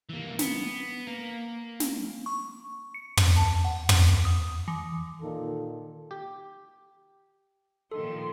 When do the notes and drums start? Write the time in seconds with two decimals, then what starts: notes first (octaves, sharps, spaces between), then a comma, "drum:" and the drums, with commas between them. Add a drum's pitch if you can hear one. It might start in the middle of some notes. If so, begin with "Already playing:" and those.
0.09 E3 A#3
0.39 B3, drum: snare
1.07 A#3 A#5
1.80 drum: snare
2.26 C#6
2.94 C#7
3.17 drum: tom
3.36 A5
3.65 F#5
3.89 drum: tom
4.25 D#6
4.68 E3
5.21 A#2 D#3 F4 A4
6.11 G4
7.92 A#2 D#3 F3 A4 C6